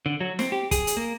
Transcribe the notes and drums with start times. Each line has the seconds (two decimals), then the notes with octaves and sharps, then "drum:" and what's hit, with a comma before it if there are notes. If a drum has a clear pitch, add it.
0.06 D3
0.21 F#3
0.39 C4, drum: snare
0.52 G4
0.71 G#4, drum: kick, hi-hat
0.87 drum: hi-hat
0.97 A#3